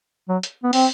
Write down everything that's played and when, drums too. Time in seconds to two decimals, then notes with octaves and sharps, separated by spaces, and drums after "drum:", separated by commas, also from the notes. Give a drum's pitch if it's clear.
0.29 F#3
0.43 drum: hi-hat
0.64 B3
0.73 C4, drum: open hi-hat